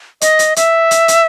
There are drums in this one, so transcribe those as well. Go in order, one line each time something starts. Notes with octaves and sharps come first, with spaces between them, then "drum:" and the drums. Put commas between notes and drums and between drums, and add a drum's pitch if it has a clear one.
D#5, drum: hi-hat
drum: hi-hat
E5, drum: hi-hat
drum: hi-hat
drum: hi-hat